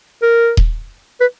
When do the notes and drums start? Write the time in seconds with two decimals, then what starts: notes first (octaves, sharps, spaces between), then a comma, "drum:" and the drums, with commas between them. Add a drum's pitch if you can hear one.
0.23 A#4
0.57 drum: kick D#1
1.21 B4